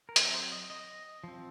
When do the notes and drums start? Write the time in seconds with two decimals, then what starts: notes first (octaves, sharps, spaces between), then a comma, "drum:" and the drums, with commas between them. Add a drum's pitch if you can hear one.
0.09 A#4
0.16 F#3 C4 C5, drum: hi-hat
0.34 C5
0.52 D#5
0.70 D#5
1.24 F3 C4